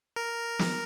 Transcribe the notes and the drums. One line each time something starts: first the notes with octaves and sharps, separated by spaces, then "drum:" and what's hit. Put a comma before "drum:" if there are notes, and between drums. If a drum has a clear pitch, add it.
A#4
drum: snare